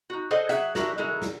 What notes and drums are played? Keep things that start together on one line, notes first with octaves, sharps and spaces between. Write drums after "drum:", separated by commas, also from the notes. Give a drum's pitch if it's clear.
D#4 F#4
G#4 A4 C5 D5 D#5 F#5
F#3 G#4 E5 F#5, drum: hi-hat
D4 E4 F#4 G4 A#4 E5, drum: snare
D3 F#3 G#3 E4 G#4 A#4
drum: snare